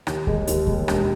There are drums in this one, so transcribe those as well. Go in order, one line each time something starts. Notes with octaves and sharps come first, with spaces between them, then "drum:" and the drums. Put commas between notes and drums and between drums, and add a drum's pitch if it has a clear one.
D#2, drum: rim click
G#3, drum: kick D#2
D#2, drum: hi-hat
G#3, drum: kick D#2
E1, drum: rim click